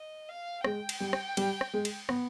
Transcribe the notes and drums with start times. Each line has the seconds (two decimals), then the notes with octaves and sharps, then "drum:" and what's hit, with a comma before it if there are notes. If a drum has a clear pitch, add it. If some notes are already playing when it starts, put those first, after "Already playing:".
Already playing: D#5
0.29 F5
0.64 G#3 G5, drum: rim click
0.89 drum: cymbal
1.00 G3
1.13 drum: rim click
1.37 G3, drum: cymbal
1.61 drum: rim click
1.74 G#3
1.85 drum: cymbal
2.09 B3, drum: rim click